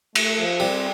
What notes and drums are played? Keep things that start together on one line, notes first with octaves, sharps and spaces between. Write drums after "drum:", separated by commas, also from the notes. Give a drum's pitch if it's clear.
A3, drum: cymbal
F3
G3 C4